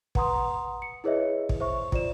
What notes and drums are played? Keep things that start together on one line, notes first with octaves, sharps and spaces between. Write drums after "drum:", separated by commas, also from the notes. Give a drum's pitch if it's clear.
B4 F#5 A#5 C6 D#6, drum: kick
C#7
E4 G#4 B4 C#5 D#5 E5
drum: kick
C5 E5 C#6
F4 C5 D5 E7, drum: kick